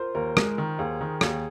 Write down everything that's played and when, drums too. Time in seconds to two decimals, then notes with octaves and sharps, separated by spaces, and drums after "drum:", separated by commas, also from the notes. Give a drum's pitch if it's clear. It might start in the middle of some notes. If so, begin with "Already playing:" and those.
Already playing: F4 A#4 C5
0.15 D#2 A#4
0.37 G#3 A#4, drum: rim click
0.58 D#3
0.79 D#2 G#4
1.01 D#3
1.21 D#2 G#4, drum: rim click